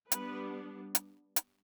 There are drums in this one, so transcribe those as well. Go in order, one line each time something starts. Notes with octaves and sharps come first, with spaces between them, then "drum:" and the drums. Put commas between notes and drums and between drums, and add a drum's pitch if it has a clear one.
G3 B3 D4 B4, drum: hi-hat
drum: hi-hat
drum: hi-hat